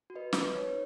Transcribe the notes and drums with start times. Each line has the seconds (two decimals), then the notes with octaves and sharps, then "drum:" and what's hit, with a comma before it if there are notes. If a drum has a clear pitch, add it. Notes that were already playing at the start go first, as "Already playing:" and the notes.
0.10 F#4
0.15 B4 D#5
0.33 D#4 B4, drum: snare
0.55 D#4 C#5